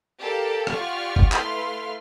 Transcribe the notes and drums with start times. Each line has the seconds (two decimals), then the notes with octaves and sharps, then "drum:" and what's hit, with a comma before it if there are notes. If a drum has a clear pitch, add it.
0.20 G4 A4 A#4 D5 F5 A5
0.67 F4 G4 D5 F#5 C#6 F6, drum: rim click
1.16 drum: kick G1
1.32 A3 E4 B4 F5 C6 F6, drum: clap